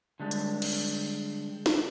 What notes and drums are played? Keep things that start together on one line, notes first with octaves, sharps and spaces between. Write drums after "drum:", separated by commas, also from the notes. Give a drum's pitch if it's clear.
D3 G3 G#3
drum: hi-hat
drum: cymbal
drum: snare